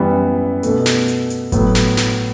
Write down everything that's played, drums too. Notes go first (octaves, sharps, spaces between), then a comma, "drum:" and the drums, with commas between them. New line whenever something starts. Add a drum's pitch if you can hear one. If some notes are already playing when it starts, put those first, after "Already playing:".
Already playing: F#2 E3 G3 B3
B2 A3, drum: hi-hat
drum: snare
drum: hi-hat
drum: hi-hat
A2 F#3 B3, drum: kick G1, hi-hat
drum: snare
drum: snare